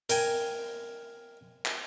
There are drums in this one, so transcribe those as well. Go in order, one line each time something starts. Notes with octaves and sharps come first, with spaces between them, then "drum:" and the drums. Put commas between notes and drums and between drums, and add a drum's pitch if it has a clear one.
A#4 G5 G#5, drum: hi-hat
drum: clap